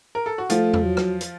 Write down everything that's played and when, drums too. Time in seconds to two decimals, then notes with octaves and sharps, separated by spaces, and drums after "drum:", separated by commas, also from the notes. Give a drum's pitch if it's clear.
0.15 A#4
0.26 A4
0.38 F#4
0.50 F3 A3 F4, drum: hi-hat
0.74 drum: tom E2
0.85 F#3
0.97 drum: rim click
1.21 drum: hi-hat